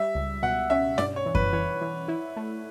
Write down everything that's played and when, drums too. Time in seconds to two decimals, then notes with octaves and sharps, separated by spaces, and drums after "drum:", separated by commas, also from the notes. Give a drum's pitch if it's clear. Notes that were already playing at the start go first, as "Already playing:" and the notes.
Already playing: G3 E5
0.15 C#2
0.42 B2 F#5
0.70 C#4 E5
0.98 G2 D5, drum: snare
1.16 C#5
1.26 E3
1.35 B4, drum: kick F#2
1.53 E3 C#5
1.81 E3
2.08 E4
2.36 A3